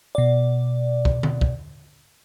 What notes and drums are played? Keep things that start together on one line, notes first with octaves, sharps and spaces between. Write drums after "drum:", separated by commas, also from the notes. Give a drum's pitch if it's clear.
B2 D5
drum: kick
drum: tom D3
drum: kick